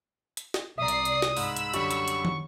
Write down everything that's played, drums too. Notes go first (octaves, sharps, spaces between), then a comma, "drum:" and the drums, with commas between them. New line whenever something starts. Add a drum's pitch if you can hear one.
drum: hi-hat
drum: snare
C2 D5 E5 A#5 D#6 C7
drum: hi-hat
drum: hi-hat
drum: snare
G#2 B5 E6, drum: open hi-hat
drum: hi-hat
F#2 D3 G3 C#6, drum: hi-hat
drum: hi-hat
drum: hi-hat
drum: tom